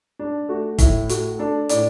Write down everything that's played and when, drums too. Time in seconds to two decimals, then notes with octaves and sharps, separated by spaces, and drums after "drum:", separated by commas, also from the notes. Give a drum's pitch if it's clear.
0.19 D4
0.49 A3 F#4
0.79 A2 E4, drum: kick, hi-hat
1.09 A3 F#4, drum: hi-hat
1.39 D4 A4
1.69 A2 D5, drum: hi-hat